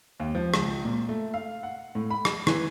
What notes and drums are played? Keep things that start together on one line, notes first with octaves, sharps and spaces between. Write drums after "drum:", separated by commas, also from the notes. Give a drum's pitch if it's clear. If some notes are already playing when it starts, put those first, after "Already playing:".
D#2
F3
C#2, drum: rim click
A#2
A3
F5
F#5
A2
B5
drum: rim click
E3, drum: rim click